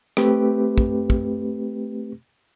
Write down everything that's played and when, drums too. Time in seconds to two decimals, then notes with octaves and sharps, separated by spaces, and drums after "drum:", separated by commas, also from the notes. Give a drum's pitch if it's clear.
0.17 A3 C4 G4 B4, drum: rim click
0.78 drum: kick
1.10 drum: kick